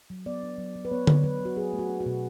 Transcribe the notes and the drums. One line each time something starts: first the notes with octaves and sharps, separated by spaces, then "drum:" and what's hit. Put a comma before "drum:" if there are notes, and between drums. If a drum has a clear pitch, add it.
F#3
B3 D5
D4
F#3
F#3
B4
B3 C#5
D4, drum: tom D3
F#3 B4
F#3
F#4
F#3 G#4
A3
F#4
D4
F#4
B2